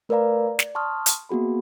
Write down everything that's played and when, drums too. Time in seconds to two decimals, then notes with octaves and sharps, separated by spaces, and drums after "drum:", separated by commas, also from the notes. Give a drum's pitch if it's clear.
0.09 A3 A#4 B4 D5 F5 A#5
0.47 D5
0.59 drum: snare
0.75 A5 C6 C#6 D#6 F6
1.06 drum: hi-hat
1.29 A#3 B3 F#4 G#4 B5